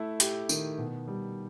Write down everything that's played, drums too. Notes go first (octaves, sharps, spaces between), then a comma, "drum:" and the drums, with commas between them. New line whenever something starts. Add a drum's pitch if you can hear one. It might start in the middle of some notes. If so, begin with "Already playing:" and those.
Already playing: A3 E4
G4, drum: hi-hat
D#3, drum: tambourine
B2
G3